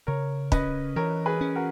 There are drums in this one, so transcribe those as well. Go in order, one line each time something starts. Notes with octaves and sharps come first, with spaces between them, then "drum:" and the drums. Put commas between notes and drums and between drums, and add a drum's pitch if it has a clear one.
C#3 A#4 C#5
C#4 B4 D#5, drum: kick
E3 A#4 C#5
G#4 B4
C#4
F#4 A#4